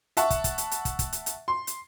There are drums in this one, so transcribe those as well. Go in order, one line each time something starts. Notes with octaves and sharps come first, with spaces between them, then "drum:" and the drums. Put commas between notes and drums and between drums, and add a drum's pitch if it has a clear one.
E5 F#5 A5 C#6, drum: hi-hat
drum: kick, hi-hat
drum: kick, hi-hat
drum: hi-hat
drum: hi-hat
drum: kick, hi-hat
drum: kick, hi-hat
drum: hi-hat
drum: hi-hat
C6
drum: hi-hat